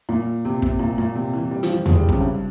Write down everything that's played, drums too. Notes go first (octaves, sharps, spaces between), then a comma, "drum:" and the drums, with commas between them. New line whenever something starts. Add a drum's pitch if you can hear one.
A#2
C3
C3, drum: kick
A#2
A#2
C3
E3
G3
F3, drum: hi-hat
E3
G#3, drum: tom E2
G3
E3
C3, drum: kick
C#3
G2